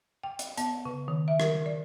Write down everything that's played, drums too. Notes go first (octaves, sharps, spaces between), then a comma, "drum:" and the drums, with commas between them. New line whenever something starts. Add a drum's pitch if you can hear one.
G5
drum: hi-hat
B3, drum: hi-hat
C#3
D#3
E5
A#4, drum: rim click
D5